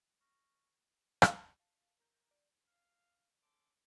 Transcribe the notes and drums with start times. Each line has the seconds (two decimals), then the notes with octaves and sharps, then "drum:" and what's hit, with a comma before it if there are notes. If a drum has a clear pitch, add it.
0.21 C#6 F6 A#6
1.22 drum: rim click
1.60 F5 A5
1.99 A#4 A#5 G6
2.31 D5
2.65 F5
3.42 C#4 A4 C6 D6